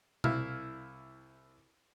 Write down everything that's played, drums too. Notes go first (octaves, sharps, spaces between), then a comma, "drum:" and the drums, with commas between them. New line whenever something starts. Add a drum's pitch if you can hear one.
C2 E4 F5, drum: tom B2